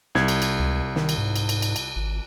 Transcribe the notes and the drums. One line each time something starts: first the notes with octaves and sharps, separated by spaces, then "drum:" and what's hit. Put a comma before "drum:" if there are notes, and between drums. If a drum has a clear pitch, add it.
C2 G#6, drum: snare
drum: cymbal
drum: cymbal
C#2
D#3, drum: snare
drum: cymbal
G#2
drum: cymbal
drum: cymbal
drum: cymbal
drum: cymbal
G#1